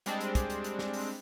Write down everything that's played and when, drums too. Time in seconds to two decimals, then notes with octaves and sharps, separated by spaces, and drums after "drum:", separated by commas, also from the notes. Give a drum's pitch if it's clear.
0.06 G3 G#3 C4 D4, drum: hi-hat
0.21 drum: hi-hat
0.35 drum: kick, hi-hat
0.50 drum: hi-hat
0.64 drum: hi-hat
0.79 drum: snare
0.93 drum: open hi-hat